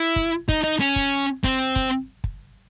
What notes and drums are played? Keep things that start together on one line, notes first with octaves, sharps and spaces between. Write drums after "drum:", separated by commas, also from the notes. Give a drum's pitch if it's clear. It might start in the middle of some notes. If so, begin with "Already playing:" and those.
Already playing: E4
drum: kick
D#4, drum: kick
D#4
C#4
drum: kick
C4, drum: kick
drum: kick
drum: kick